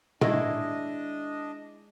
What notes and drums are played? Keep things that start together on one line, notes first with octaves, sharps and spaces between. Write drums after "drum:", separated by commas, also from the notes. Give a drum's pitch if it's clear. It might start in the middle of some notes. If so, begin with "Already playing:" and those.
D#3 G#3 D4 E4 D#5, drum: tom